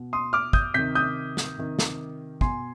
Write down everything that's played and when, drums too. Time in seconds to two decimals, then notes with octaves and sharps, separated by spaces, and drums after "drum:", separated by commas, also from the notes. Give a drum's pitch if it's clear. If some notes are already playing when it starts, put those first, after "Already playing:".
Already playing: B2
0.13 C6 D#6
0.33 D6 F6
0.53 D#6 G6, drum: kick
0.74 C3 D#3 G6 B6
0.95 D#6 G6
1.37 drum: snare
1.58 C3 D#3
1.79 drum: snare
2.41 B2 G#5 C6, drum: kick